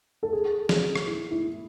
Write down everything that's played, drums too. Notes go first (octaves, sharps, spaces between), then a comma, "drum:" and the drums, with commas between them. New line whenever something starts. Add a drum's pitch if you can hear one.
A4
G#4
G#4, drum: snare
drum: rim click
E4
E4